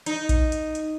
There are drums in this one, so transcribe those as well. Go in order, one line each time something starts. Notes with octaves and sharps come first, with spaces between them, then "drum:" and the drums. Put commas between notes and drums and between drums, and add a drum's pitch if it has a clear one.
D#4, drum: hi-hat
drum: kick A#1, hi-hat
drum: hi-hat
drum: hi-hat